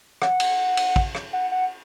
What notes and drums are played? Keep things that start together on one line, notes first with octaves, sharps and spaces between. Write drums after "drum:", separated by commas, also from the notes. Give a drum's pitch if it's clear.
F#5, drum: rim click
drum: cymbal
drum: cymbal
drum: kick
drum: rim click
F#5
F#5